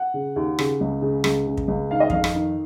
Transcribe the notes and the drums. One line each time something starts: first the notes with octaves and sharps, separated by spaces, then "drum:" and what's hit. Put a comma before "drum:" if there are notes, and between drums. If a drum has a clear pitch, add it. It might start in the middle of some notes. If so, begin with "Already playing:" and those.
Already playing: F#5
C#3
D#2
C#3, drum: rim click
C#2
C#3
C#2, drum: rim click
C#3
drum: kick
C#2
D#3 F5
D#5
F2 F5, drum: kick
drum: rim click
D#3